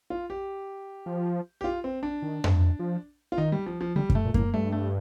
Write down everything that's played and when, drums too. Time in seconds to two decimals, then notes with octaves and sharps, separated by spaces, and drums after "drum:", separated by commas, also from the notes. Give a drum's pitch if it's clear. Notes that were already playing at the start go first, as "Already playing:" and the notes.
0.10 F4
0.30 G4
1.06 F3
1.61 G4
1.64 F4
1.84 C4
2.03 D4
2.22 D#3
2.44 drum: tom F2
2.79 F3
3.32 F4
3.38 D#3 D#4
3.52 G3
3.66 F3
3.81 F3
3.96 D3 G3
4.10 C3, drum: kick F#2
4.15 A3
4.25 A#2
4.34 A2 A#3, drum: kick F#2
4.54 G2 A3
4.72 A3